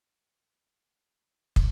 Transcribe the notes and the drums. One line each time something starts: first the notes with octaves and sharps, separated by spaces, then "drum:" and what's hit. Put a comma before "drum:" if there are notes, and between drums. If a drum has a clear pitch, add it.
F#4
F#4
F#3
drum: kick